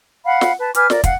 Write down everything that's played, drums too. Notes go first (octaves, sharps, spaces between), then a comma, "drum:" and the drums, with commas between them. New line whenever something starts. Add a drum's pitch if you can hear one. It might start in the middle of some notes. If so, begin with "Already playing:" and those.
F5 F#5 B5
drum: snare
B4 A5
B4 G#5 D6 F6, drum: hi-hat
A#4 D5, drum: snare
F5 F#5, drum: kick, hi-hat